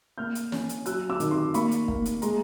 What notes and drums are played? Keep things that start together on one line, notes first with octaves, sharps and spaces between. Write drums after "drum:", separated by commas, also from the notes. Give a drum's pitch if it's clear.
A#3 F6 G6
drum: hi-hat
C#4, drum: snare
drum: hi-hat
F#3 E6 F#6, drum: hi-hat
D6 E6
D#3, drum: hi-hat
C6 D6
A#3 B5 C#6, drum: hi-hat
drum: hi-hat
A#3, drum: kick
drum: hi-hat
G#3 A#5 C6, drum: hi-hat